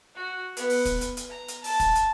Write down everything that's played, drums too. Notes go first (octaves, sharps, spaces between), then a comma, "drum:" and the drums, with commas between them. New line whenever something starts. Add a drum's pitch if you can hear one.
F#4
B3, drum: hi-hat
drum: open hi-hat
drum: kick, hi-hat
drum: hi-hat
drum: hi-hat
A#5
drum: hi-hat
A5, drum: open hi-hat
drum: kick, hi-hat
drum: hi-hat